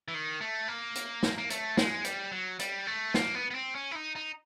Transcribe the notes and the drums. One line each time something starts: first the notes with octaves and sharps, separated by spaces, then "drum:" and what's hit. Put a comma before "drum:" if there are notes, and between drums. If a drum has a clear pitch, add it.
E3
D#3
A3
A#3
drum: hi-hat
drum: snare
A#3
A3, drum: hi-hat
G#3, drum: snare
G3, drum: hi-hat
F#3
G3, drum: hi-hat
A3
A#3, drum: snare
B3
B3
C4
C#4
E4
D#4
D#4